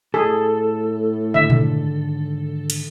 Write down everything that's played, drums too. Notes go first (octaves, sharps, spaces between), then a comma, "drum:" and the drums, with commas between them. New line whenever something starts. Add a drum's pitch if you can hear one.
A2 G#4 A4
G#2 D3 D#3 E5
drum: tom A#2
drum: cymbal